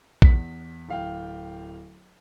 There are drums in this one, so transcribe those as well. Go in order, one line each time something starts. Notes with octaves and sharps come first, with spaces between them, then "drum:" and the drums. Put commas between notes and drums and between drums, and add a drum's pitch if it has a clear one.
E2 B6, drum: kick A#1
D1 F5 G5